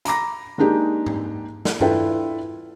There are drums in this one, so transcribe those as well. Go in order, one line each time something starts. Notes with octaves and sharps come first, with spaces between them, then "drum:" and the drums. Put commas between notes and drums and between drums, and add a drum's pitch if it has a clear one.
A#5 B5 D6 A#6, drum: hi-hat
G#3 A#3 D4 D#4 G4
drum: tom G#2
drum: snare
D4 E4 F4 A4 B4 G5, drum: tom G2